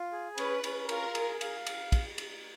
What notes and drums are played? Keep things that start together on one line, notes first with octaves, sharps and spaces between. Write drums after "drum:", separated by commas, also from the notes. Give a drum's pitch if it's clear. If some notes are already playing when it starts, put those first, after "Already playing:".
Already playing: F4
G#4
C#4 B4, drum: cymbal
C#4, drum: cymbal
F4 A#4, drum: cymbal
G#4, drum: cymbal
F5, drum: cymbal
drum: cymbal
drum: kick, cymbal
drum: cymbal